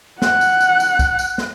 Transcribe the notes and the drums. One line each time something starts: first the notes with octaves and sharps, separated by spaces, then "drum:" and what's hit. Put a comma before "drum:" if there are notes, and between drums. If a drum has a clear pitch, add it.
F#5 F#6, drum: snare
drum: tambourine
drum: tambourine
drum: tambourine
drum: kick B1, tambourine
drum: tambourine
drum: snare